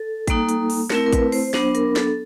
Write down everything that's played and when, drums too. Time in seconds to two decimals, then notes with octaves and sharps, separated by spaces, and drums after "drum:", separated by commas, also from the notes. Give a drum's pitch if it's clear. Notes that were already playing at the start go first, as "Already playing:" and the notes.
Already playing: A4
0.27 G3 A#3 D#4, drum: kick A1, hi-hat
0.49 drum: hi-hat
0.70 drum: open hi-hat
0.90 A3 C4 E4 A#4, drum: snare
1.06 A#4
1.13 B4, drum: kick A1, hi-hat
1.32 C5, drum: open hi-hat
1.54 F#3 B3 D4 C5, drum: snare
1.75 A#4, drum: hi-hat
1.96 A4, drum: snare